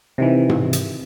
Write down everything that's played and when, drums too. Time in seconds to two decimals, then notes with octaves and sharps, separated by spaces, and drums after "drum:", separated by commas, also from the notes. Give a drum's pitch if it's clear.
0.18 C3 D#3 E3
0.49 drum: tom G#2
0.73 drum: hi-hat